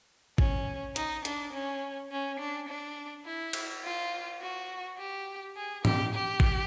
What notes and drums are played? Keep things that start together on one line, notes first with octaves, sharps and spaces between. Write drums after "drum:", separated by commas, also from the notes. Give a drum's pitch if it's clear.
C#4, drum: kick G#1
D#4, drum: hi-hat
D4, drum: hi-hat
C#4
C#4
D4
D4
E4
drum: cymbal
F4
F#4
G4
G#4
G4, drum: tom G#2
G4
drum: kick G#1